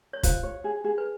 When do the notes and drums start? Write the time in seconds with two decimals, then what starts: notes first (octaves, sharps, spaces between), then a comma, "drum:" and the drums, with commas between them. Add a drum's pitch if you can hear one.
0.13 C#5
0.23 F4 C5, drum: kick, hi-hat
0.43 C#5
0.64 G#4
0.84 G#4
0.98 B4